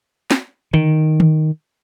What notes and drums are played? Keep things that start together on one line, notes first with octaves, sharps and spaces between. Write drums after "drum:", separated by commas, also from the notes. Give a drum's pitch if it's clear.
drum: snare
D#3, drum: tom D3
drum: tom D#3